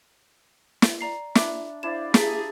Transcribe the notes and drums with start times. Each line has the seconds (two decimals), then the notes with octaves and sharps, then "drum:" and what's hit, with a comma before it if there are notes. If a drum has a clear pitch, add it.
0.82 drum: snare
1.01 D5 A#5 C7
1.35 D4 E5 B5 D6, drum: snare
1.83 D4 E4 C5 D5 F5 E7
2.14 G4 G#4 A5 A#5 B6, drum: snare